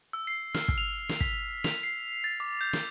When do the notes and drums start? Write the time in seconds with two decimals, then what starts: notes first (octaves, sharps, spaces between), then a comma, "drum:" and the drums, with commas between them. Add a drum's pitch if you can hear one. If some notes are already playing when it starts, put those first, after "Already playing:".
0.13 E6
0.27 C7
0.54 F6, drum: snare
0.68 drum: kick
0.78 F7
1.09 drum: snare
1.20 B6, drum: kick
1.64 F7, drum: snare
1.83 C7
2.24 A6
2.40 D6
2.61 G6
2.73 drum: snare